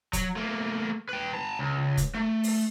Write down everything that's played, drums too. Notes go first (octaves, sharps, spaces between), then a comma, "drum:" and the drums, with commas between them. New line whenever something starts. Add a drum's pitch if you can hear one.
F#3, drum: kick, hi-hat
A3 A#3
B4 G5
A5 A#5
C#2
drum: kick, hi-hat
A3
drum: open hi-hat